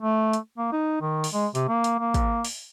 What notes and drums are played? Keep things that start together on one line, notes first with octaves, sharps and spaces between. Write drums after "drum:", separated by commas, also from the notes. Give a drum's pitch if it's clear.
A3
drum: hi-hat
A#3
D#4
D#3
drum: open hi-hat
G#3
C3, drum: hi-hat
A#3
drum: hi-hat
A#3
drum: kick, hi-hat
drum: open hi-hat